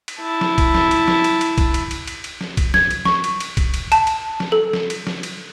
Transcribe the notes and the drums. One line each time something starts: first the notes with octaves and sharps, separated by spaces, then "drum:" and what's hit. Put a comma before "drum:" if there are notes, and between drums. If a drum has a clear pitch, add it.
drum: cymbal
E4 A5
drum: snare
drum: kick, cymbal
drum: snare
drum: cymbal
drum: snare
drum: cymbal
drum: cymbal
drum: kick, cymbal
drum: cymbal
drum: cymbal
drum: cymbal
drum: cymbal
drum: snare
drum: kick, cymbal
G#6, drum: snare
drum: cymbal
C#6, drum: snare
drum: cymbal
drum: cymbal
drum: kick, cymbal
drum: cymbal
A5, drum: cymbal
drum: cymbal
drum: snare
A4
drum: snare
drum: cymbal
drum: snare
drum: cymbal